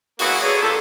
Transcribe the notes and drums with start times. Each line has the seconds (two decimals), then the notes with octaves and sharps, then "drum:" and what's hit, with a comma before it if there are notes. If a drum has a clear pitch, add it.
0.19 E3 F#3 G#3 A#3 B3 F#4, drum: open hi-hat
0.42 D3 A#3 B3 G#4 C#5
0.63 G2 A#2 A4